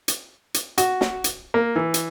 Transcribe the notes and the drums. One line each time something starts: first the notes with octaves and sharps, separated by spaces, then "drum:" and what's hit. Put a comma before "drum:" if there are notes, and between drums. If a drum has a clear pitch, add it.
drum: hi-hat
drum: hi-hat
F#4, drum: hi-hat
drum: snare
drum: hi-hat
A#3
E3
drum: hi-hat